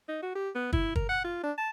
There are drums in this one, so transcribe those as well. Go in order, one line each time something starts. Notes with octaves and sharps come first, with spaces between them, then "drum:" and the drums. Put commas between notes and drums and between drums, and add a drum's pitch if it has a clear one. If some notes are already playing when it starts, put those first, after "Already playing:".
D#4
F#4
G4
B3
E4, drum: kick
A#4, drum: kick
F#5
F4
D4
A5